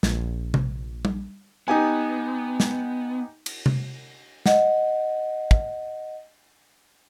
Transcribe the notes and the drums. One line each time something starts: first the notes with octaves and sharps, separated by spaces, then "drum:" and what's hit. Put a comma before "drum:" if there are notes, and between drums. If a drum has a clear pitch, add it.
A#1, drum: snare
drum: tom C3
drum: tom G3
B3 D#4 G4 G#5
drum: snare
drum: cymbal
drum: tom C3
D#5 F#5, drum: snare
drum: kick